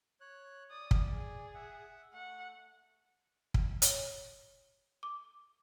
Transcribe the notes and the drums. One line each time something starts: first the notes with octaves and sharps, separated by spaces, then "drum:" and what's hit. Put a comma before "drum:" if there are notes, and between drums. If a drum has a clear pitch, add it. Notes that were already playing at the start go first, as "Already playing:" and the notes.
C#5 F#6
D5 D#6
drum: kick
G#4
E5 F#5
A3 F#5
drum: kick
C#5, drum: hi-hat
D6